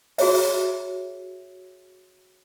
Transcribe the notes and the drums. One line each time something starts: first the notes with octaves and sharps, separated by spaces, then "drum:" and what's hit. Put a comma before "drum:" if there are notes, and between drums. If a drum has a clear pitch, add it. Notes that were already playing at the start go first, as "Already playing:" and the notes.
F#4 G#4 C#5 E5, drum: open hi-hat
drum: open hi-hat